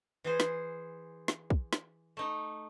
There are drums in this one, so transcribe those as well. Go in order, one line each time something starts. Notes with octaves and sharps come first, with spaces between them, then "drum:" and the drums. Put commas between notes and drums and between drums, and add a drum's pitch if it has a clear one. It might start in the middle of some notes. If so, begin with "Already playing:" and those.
E3 G#4 C5
drum: snare
drum: snare
drum: kick
drum: snare
A3 D#4